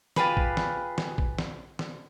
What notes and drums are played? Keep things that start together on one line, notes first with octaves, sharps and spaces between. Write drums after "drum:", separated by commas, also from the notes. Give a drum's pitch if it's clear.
F4 G4 G#4 B4, drum: snare
drum: kick A1
drum: snare
drum: snare
drum: kick A1
drum: snare
drum: snare